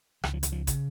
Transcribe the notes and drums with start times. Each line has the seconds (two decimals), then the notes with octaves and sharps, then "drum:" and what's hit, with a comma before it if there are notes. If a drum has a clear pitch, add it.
0.24 C#2 D#3, drum: rim click
0.34 F3
0.43 D#3, drum: hi-hat
0.52 F3
0.67 C#3, drum: kick, hi-hat